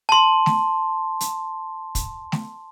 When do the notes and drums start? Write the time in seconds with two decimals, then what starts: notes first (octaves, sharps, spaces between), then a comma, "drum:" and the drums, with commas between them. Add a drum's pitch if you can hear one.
0.09 A5 C6
0.46 drum: snare A3
1.20 drum: hi-hat
1.95 drum: kick, hi-hat
2.32 drum: snare A3